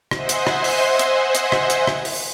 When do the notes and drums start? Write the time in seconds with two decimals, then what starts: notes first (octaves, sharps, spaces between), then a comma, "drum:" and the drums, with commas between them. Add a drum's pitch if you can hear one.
0.11 C5 D#5 E5 F#5 G#5 C6, drum: rim click
0.29 drum: hi-hat
0.47 drum: rim click
0.64 drum: open hi-hat
0.99 drum: hi-hat
1.35 drum: hi-hat
1.52 drum: rim click
1.70 drum: hi-hat
1.87 drum: rim click
2.05 drum: open hi-hat